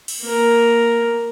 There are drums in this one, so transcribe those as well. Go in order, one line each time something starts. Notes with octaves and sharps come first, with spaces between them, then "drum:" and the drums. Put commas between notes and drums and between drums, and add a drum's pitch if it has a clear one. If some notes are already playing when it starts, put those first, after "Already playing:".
drum: cymbal
A#3 A#4